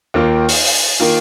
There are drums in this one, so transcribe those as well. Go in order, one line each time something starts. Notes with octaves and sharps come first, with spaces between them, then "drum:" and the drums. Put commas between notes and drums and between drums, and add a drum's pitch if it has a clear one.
D#2 D#3 A#3 F4
drum: open hi-hat
drum: open hi-hat
D#3 A#3 F4